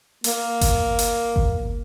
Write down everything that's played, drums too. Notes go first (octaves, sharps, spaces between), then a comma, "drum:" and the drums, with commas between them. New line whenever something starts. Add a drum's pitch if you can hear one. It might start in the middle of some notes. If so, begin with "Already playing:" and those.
A#3, drum: hi-hat
drum: kick G1, hi-hat
drum: hi-hat
drum: kick G1